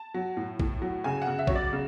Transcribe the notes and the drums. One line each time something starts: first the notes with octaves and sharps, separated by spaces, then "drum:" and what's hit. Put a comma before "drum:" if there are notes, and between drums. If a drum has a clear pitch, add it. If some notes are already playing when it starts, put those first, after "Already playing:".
Already playing: A5
F#3
A2
A2, drum: kick
F#3
C#3 G#5
F#5
C#3
E5
F#3 C#5, drum: kick
D5
C#3